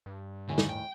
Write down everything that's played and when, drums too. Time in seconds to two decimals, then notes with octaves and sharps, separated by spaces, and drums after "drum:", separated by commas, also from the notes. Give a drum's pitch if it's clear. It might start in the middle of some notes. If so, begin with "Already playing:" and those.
0.06 G2
0.48 D#2 A2 D3 G#5
0.58 drum: snare
0.69 G5